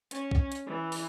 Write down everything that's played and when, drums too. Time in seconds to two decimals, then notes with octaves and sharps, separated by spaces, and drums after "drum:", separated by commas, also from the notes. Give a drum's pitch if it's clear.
0.11 C#4, drum: hi-hat
0.31 drum: kick
0.52 drum: hi-hat
0.66 E3
0.92 drum: open hi-hat